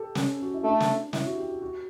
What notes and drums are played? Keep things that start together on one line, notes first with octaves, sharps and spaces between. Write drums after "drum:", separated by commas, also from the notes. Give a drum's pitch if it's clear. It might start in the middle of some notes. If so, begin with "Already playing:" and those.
Already playing: G4 A4
C#4, drum: snare
F#4
E4
A3 D4
drum: snare
E4, drum: snare
F#4
G4
F#4
F#4